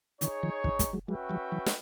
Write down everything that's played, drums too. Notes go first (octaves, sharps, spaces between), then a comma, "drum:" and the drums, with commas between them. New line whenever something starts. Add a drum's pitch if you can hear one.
D3 E3 D#4 G#4 C#5, drum: hi-hat
D#3 F3
D3 E3, drum: kick
G3 A3, drum: kick, hi-hat
F#3 G#3
F#3 G#3 C#4 F#4 B4 E5 G5
F3 G3
E3 F#3
drum: snare